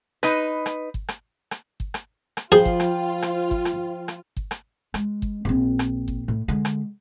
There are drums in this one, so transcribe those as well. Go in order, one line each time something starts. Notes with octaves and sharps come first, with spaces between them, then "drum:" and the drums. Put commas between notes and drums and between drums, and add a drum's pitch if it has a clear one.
D#4 B4, drum: rim click
drum: rim click
drum: kick G1
drum: rim click
drum: rim click
drum: kick G1
drum: rim click
drum: rim click
F3 F4 G#4 C5 G5
drum: kick G1
drum: rim click
drum: rim click
drum: kick G1
drum: rim click
drum: rim click
drum: kick G1
drum: rim click
G#3, drum: rim click
drum: kick G1
A#1 C4
drum: rim click
drum: kick G1
A2
D3 G#3
drum: rim click